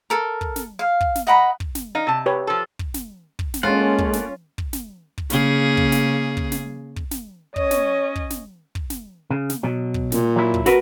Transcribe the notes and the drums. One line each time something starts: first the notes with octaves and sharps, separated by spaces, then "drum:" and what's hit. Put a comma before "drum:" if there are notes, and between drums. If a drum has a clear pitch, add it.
A4 A#4
drum: kick
drum: snare
F5
drum: kick
drum: snare
D#5 F#5 A#5 B5
drum: kick
drum: snare
D#4 F5
C3 A5
G4 B4 C#5
F3 A4
drum: kick
drum: snare
drum: kick
drum: snare
G#3 A#3 C#4 F4 A4 F#5
drum: kick
drum: snare
drum: kick
drum: snare
drum: kick
C#3 A#3 G#4, drum: snare
drum: kick
drum: snare
drum: kick
drum: snare
drum: kick
drum: snare
C#4 C#5 D#5, drum: kick
drum: snare
drum: kick
drum: snare
drum: kick
drum: snare
C#3
drum: snare
B2 F#3
drum: kick
A#2, drum: snare
F#3 E4
drum: kick
F#4 A#4 B4, drum: snare